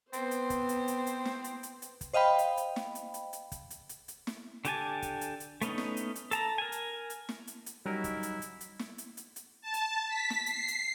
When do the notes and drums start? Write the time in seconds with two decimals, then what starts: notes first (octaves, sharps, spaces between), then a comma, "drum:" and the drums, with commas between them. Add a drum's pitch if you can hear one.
0.13 B3 C4 C5, drum: hi-hat
0.31 drum: hi-hat
0.50 drum: kick, hi-hat
0.69 drum: hi-hat
0.88 drum: hi-hat
1.07 drum: hi-hat
1.25 drum: snare
1.44 drum: hi-hat
1.63 drum: hi-hat
1.82 drum: hi-hat
2.01 drum: kick, hi-hat
2.13 C5 D#5 F5 G5 B5
2.39 drum: hi-hat
2.57 drum: hi-hat
2.76 drum: snare
2.95 drum: hi-hat
3.14 drum: hi-hat
3.33 drum: hi-hat
3.52 drum: kick, hi-hat
3.70 drum: hi-hat
3.89 drum: hi-hat
4.08 drum: hi-hat
4.27 drum: snare
4.65 D3 G4 G#5 A5, drum: hi-hat
5.02 drum: kick, hi-hat
5.21 drum: hi-hat
5.40 drum: hi-hat
5.62 A3 B3 C#4 D#4, drum: hi-hat
5.78 drum: snare
5.97 drum: hi-hat
6.15 drum: hi-hat
6.31 A4 A5 A#5, drum: hi-hat
6.58 A#4 G#5
6.72 drum: hi-hat
7.10 drum: hi-hat
7.29 drum: snare
7.47 drum: hi-hat
7.66 drum: hi-hat
7.86 F#3 G3 C#4 D#4 E4 A#4
8.04 drum: kick, hi-hat
8.23 drum: hi-hat
8.42 drum: hi-hat
8.61 drum: hi-hat
8.79 drum: snare
8.98 drum: hi-hat
9.17 drum: hi-hat
9.36 drum: hi-hat
9.61 A5
9.74 drum: hi-hat
10.08 B6
10.30 drum: snare
10.46 C7, drum: hi-hat
10.68 drum: hi-hat